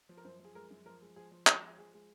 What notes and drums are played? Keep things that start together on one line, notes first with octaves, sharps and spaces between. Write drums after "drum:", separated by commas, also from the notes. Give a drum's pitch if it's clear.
F3
A#4
F#2 C5
F3 G#4
G#3 A#4
F#2
F3 A#4
G#3
F3 G#4
F3
F3 F#4, drum: clap
G#3
F3 G#4
G#3